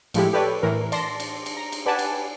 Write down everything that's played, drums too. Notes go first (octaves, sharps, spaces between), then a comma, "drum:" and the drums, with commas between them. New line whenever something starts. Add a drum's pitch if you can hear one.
A2 F3 G#3 E4 G4, drum: cymbal
G4 A4 B4 C#5 D5
A2 E3 A#4
D5 A5 C6 A#6, drum: cymbal
drum: cymbal
drum: cymbal
A#5
drum: cymbal
G4 B4 D5 F#5 G#5 A5
drum: cymbal